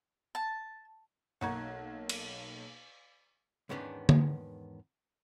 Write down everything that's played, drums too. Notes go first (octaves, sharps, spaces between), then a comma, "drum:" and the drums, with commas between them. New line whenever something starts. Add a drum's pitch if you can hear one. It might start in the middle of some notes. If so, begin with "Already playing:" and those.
A5
B1 A#3 D#4 F#4 F#5 G#6
drum: cymbal
E2 G#2 D#3 B3 C#4 D4
drum: tom D3